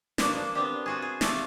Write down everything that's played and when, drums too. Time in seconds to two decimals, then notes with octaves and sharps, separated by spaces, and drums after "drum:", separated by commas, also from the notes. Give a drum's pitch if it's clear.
0.18 B2 F3 A#3 D4 F#4, drum: snare
0.35 F3 D4
0.55 B3 C4 D4 G4
0.86 F4 F#4 G#4
1.02 G#4
1.21 C3 A3 C4 A4 D5 F5, drum: snare